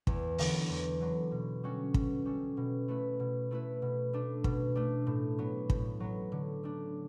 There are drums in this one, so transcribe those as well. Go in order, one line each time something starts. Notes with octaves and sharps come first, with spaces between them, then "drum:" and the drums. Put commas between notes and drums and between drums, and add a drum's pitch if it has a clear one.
E2, drum: kick
D3 F#3 B3, drum: open hi-hat
E2
D3 F#3 B3
B2
G3 C#4 F#4 A4
B2, drum: kick
G3 C#4 F#4 A4
B2
A3 E4 B4
B2
A3 E4 B4
B2
A3 D4
B2, drum: kick
A3 D4
A2
F#3 B3
A2, drum: kick
F#3 B3
D3
A3 D4